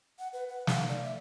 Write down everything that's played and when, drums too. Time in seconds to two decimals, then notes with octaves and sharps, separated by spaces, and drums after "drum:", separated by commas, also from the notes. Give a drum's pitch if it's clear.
0.19 F#5
0.33 B4
0.48 F#5
0.67 F5, drum: snare
0.89 D5
1.03 E5